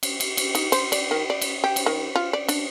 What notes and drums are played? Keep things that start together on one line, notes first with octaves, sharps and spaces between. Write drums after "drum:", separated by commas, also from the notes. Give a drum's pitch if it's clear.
drum: cymbal
drum: cymbal
drum: cymbal
D#4, drum: cymbal
C5, drum: cymbal
D5, drum: cymbal
D#3
D5
drum: cymbal
G4
drum: cymbal
D#3
F4
D5
D4, drum: cymbal